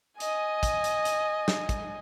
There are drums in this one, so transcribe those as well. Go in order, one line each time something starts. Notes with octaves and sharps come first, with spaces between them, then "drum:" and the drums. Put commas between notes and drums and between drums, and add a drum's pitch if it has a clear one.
D#5 G#5, drum: hi-hat
drum: kick, hi-hat
drum: hi-hat
drum: hi-hat
drum: snare
drum: kick, hi-hat